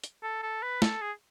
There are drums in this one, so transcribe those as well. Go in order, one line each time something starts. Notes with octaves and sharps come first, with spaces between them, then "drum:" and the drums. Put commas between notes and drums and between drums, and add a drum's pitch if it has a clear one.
drum: hi-hat
A4
A4
B4
A4, drum: snare
G#4